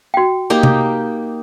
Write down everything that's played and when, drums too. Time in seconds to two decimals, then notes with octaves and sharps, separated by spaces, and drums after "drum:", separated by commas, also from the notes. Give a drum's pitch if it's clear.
0.14 F#4 G5
0.50 A#3 D#4 G4
0.63 drum: tom